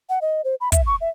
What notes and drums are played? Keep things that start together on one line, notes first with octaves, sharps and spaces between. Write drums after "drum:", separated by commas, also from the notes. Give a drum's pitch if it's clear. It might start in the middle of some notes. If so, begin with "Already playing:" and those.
F#5
D#5
C5
B5
E5, drum: kick, hi-hat
C#6
E5